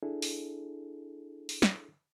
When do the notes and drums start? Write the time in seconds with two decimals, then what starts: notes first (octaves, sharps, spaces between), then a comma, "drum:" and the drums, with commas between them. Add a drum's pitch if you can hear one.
0.03 D4 E4 G#4 A4
0.22 drum: open hi-hat
1.49 drum: open hi-hat
1.62 drum: snare